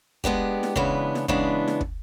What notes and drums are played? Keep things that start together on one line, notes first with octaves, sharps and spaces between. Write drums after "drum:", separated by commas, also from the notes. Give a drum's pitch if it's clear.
G#3 B3 D4 G4, drum: kick
drum: snare E4
C#3 E3 G#3 B3 D4, drum: kick
drum: snare E4
C#3 E3 G#3 B3 D4, drum: kick
drum: snare E4
drum: kick